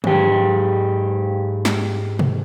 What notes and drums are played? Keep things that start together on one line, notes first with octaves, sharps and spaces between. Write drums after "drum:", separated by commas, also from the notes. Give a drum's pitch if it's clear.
G#2 G4, drum: tom D3
drum: snare
drum: tom B2